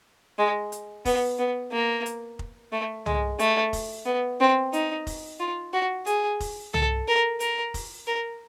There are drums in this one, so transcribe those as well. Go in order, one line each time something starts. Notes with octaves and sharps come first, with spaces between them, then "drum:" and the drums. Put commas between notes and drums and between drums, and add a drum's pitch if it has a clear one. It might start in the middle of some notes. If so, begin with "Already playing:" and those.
G#3
drum: hi-hat
B3, drum: kick F1, open hi-hat
B3
A#3
drum: hi-hat
drum: kick F1
A3
G#3, drum: tom
A3, drum: hi-hat
drum: kick F1, open hi-hat
B3
C4
D#4, drum: hi-hat
drum: kick F1, open hi-hat
F4
F#4
G#4, drum: hi-hat
drum: kick F1, open hi-hat
A4, drum: tom
A#4
A#4, drum: hi-hat
drum: kick F1, open hi-hat
A#4